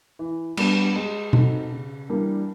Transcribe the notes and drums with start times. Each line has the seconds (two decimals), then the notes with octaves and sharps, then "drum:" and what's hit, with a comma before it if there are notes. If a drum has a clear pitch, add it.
0.19 E3
0.57 G3 B3 D4, drum: cymbal
0.96 G#3
1.33 C4 D#4 F#4 A4, drum: tom B2
1.71 C#3
2.09 E3 G3 A#3 D4